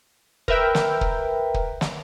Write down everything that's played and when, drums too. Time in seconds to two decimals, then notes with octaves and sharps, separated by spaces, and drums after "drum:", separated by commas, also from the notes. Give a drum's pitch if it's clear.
0.48 A#4 B4 E5 G5, drum: kick
0.75 drum: snare
1.01 drum: kick
1.54 drum: kick
1.81 drum: snare